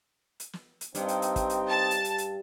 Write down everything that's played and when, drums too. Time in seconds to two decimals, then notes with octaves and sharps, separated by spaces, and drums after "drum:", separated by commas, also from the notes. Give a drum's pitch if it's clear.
0.40 drum: hi-hat
0.53 drum: snare
0.81 drum: hi-hat
0.95 G2 C4 D#4, drum: hi-hat
1.08 drum: hi-hat
1.22 drum: hi-hat
1.36 drum: kick, hi-hat
1.50 drum: hi-hat
1.68 A5
1.91 drum: hi-hat
2.04 drum: hi-hat
2.18 drum: hi-hat